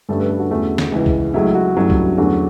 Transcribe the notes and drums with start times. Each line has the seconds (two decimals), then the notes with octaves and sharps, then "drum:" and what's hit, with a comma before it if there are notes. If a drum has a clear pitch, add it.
0.09 G2 D3 A3 C#4 A4
0.19 B4
0.29 A4
0.39 F#4
0.50 E2 D3 A3 C#4
0.78 drum: snare
0.92 C#2 C#3 E3
1.06 drum: kick
1.34 C#2 C#3 F#3 A3 E4
1.55 F#4
1.76 G2 F#3 A3 C#4 E4
1.90 drum: kick
2.17 E2 D3 F#3 A3 C#4 F#4